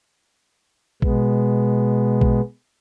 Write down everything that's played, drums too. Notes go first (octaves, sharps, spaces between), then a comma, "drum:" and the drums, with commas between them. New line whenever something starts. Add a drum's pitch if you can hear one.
B2 G#3 B3, drum: kick A#1
drum: kick A#1